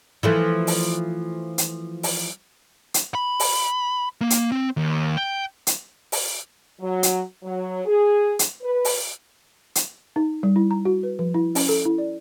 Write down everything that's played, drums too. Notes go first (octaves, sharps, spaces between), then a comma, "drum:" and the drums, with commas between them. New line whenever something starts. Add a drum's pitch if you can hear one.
E3 F3 A3
drum: open hi-hat
drum: hi-hat
drum: open hi-hat
drum: hi-hat
B5
drum: open hi-hat
A#3
drum: hi-hat
C4
D#2
G5
drum: hi-hat
drum: open hi-hat
F#3
drum: hi-hat
F#3
G#4
drum: hi-hat
B4
drum: open hi-hat
drum: hi-hat
D#4
G3
E4
A#5
F#4
B4
F3
E4
C#4, drum: open hi-hat
A4
E4
D5